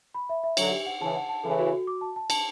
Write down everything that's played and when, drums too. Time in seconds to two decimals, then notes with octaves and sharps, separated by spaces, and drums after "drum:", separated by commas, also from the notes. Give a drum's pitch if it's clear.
0.14 B5
0.29 E5
0.43 E5
0.57 D3 F#3 C#5, drum: cymbal
0.71 G4
0.86 F#5
1.01 C#3 E3 A5
1.16 F#5
1.29 A5
1.44 C#3 E3 A4
1.59 F#4
1.73 F#4
1.87 D6
2.01 A5
2.16 A5
2.30 A5, drum: cymbal